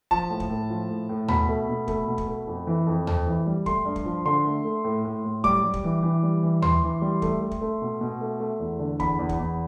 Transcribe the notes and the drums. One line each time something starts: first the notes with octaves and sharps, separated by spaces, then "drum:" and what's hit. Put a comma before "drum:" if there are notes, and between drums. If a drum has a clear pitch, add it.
F3 A5, drum: kick
A2
drum: kick
A2
F3
A2
A2
B2 B5, drum: tom D#2
A3
B2
A3, drum: kick
B2
drum: kick
A3
F2
E3
F2
F2, drum: tom D#2
E3
G3
A3 C6, drum: kick
G2
drum: kick
F3
D3 C6
A3
A3
A2
A2
A2
G3 D6, drum: kick
G3
drum: kick
E3
E3
G3
E3
E3 C6, drum: tom D#2
E3
G3
A3, drum: kick
A3
drum: kick
A3
B2
B2
A3
A3
E2
D3
E2 B5, drum: kick
E2
drum: kick
E2